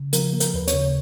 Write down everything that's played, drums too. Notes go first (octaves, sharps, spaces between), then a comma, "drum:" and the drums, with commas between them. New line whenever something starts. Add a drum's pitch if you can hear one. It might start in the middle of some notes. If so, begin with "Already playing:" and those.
Already playing: C#3
F3 A#4, drum: hi-hat
A#3
A#4, drum: hi-hat
D#2 B4
C#5, drum: hi-hat
C#3